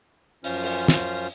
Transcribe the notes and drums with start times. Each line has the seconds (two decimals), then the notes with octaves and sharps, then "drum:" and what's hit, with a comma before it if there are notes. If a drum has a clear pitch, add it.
0.44 F#2 F3 C#4 F4 C5 F6, drum: open hi-hat
0.64 drum: open hi-hat
0.88 drum: snare